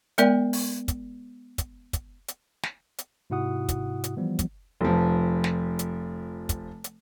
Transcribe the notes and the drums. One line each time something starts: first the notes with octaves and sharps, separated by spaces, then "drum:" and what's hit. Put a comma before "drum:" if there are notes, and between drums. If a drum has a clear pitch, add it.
G#3 B3 A#4 D5 G5, drum: hi-hat
drum: open hi-hat
drum: kick, hi-hat
drum: kick, hi-hat
drum: kick, hi-hat
drum: hi-hat
drum: snare
drum: hi-hat
G#2 C3 E4 F#4 F#5 D#6
drum: kick, hi-hat
drum: hi-hat
E3 F3 G3 B3
drum: kick, hi-hat
F1 F3
drum: snare
drum: hi-hat
drum: kick, hi-hat
drum: hi-hat